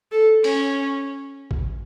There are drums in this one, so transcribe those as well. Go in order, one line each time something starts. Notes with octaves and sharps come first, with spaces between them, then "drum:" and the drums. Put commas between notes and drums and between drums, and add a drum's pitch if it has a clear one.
A4
C#4, drum: open hi-hat
drum: kick A#1